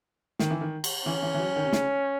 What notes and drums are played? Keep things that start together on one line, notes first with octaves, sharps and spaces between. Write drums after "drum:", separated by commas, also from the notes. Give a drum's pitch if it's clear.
D#3, drum: snare
E3
D#3
drum: cymbal
E3 C#4
E3
E3
F#3
D#3
C3
C#3, drum: snare